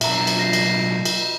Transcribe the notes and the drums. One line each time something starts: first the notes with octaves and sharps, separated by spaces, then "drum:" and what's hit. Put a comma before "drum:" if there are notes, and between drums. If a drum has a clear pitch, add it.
B1 D4 E5 A#5, drum: cymbal
drum: cymbal
F4 A#6 C7
drum: cymbal
drum: cymbal